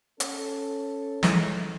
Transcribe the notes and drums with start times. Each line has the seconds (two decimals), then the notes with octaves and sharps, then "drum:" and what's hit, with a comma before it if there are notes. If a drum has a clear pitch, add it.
0.20 C#4 A4, drum: hi-hat
1.23 E3 G#3, drum: snare